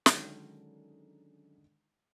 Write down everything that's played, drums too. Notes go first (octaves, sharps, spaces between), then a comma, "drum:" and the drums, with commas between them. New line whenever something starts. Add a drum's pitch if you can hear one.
D3 D#3 F#3 G#3 C#4 A4, drum: snare